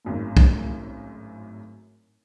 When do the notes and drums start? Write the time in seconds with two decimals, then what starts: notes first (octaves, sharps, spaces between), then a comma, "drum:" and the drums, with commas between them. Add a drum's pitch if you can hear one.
0.05 G#1 F#2 A2
0.37 drum: kick